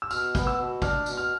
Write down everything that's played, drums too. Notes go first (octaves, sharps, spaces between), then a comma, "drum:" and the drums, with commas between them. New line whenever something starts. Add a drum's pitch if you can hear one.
E6
B2 F6, drum: tambourine
B3, drum: kick, tambourine
E6
B2
D4 F6, drum: kick, tambourine
B2, drum: tambourine
F6